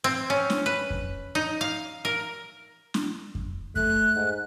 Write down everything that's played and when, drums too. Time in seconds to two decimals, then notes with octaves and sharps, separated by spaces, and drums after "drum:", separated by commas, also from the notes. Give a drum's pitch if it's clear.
0.04 C4
0.30 C#4
0.50 drum: snare
0.66 B4
0.90 drum: kick F2
1.35 D#4
1.61 F5
2.05 A#4
2.94 drum: snare
3.35 drum: kick F2
3.76 A3 F#6, drum: kick F2
4.15 G#2